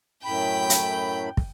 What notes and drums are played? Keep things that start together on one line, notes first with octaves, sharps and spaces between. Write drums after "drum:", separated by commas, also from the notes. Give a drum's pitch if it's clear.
F#2 A2 G5 B5 G6
drum: hi-hat
drum: kick